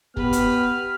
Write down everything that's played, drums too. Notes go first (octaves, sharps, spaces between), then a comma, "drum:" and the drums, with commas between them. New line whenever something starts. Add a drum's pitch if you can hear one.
B3 G4 B4 F6, drum: kick
drum: hi-hat